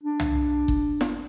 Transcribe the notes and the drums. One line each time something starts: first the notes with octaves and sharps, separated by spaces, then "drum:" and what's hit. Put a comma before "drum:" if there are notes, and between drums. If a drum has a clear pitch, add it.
D4
drum: tom
drum: kick G1
drum: snare